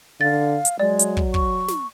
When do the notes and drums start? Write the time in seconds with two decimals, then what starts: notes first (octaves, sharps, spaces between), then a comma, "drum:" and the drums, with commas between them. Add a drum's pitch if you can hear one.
0.21 D3 F5 A6
0.65 drum: hi-hat
0.79 F#3 G#3 D5
0.99 drum: hi-hat
1.17 drum: kick
1.34 C#6, drum: kick
1.68 drum: snare